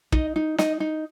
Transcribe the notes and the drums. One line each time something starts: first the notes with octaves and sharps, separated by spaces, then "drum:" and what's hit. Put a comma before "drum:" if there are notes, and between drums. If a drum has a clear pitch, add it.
D#4 D#5, drum: kick
D#4
D#4 D#5, drum: snare
D#4